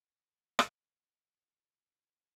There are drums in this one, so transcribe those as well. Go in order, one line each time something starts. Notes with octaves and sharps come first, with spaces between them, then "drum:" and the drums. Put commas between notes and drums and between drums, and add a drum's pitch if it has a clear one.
drum: rim click
A#4
E4